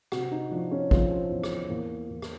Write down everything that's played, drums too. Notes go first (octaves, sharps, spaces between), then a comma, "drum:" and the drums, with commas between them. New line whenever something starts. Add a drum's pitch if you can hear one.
C3 F#4, drum: rim click
D#4
F3 D4
C#4
F3 C4, drum: kick
E2
drum: rim click
E2 A#3
E2
drum: rim click